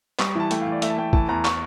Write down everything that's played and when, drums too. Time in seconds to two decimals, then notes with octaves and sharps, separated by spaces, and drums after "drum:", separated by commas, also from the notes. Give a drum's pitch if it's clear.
0.19 G3 C#6, drum: clap
0.35 E3 A5
0.51 A3 G5, drum: hi-hat
0.61 F5
0.67 E3
0.72 D5
0.82 A3 E5, drum: hi-hat
0.90 A5
0.98 A3 G5
1.13 E3 A5, drum: kick
1.29 E2 A#5
1.45 C#6, drum: clap